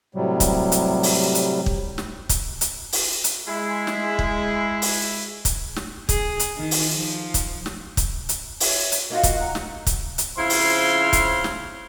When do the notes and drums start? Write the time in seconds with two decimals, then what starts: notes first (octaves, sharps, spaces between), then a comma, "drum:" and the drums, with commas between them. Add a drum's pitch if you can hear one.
0.15 A2 C3 F#3 G3
0.40 drum: kick, hi-hat
0.72 drum: hi-hat
1.03 drum: open hi-hat
1.35 drum: hi-hat
1.66 drum: kick
1.98 drum: snare
2.29 drum: kick, hi-hat
2.61 drum: hi-hat
2.92 drum: open hi-hat
3.24 drum: hi-hat
3.48 G#3 E4
3.87 drum: snare
4.19 drum: kick
4.82 drum: open hi-hat
5.45 drum: kick, hi-hat
5.76 drum: snare
6.09 G#4, drum: kick, hi-hat
6.39 drum: hi-hat
6.57 D#3
6.71 drum: open hi-hat
6.94 F3
7.34 drum: kick, hi-hat
7.66 drum: snare
7.97 drum: kick, hi-hat
8.29 drum: hi-hat
8.60 C#5 E5, drum: open hi-hat
8.92 drum: hi-hat
9.10 A#3 D#4 F4 F#4 D#5
9.23 drum: kick, hi-hat
9.40 F#5 A#5
9.55 drum: snare
9.87 drum: kick, hi-hat
10.18 drum: hi-hat
10.37 C#3 F3 C4 E4 F5 C6
10.50 drum: open hi-hat
11.13 drum: kick, hi-hat
11.44 drum: snare